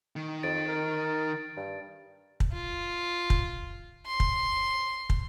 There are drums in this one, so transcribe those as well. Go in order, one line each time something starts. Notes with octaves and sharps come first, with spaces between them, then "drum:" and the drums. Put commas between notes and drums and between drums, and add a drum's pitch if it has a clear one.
D#3
F2 A6 D7
A#4
G2
drum: kick
F4
drum: kick
C6
drum: kick
drum: kick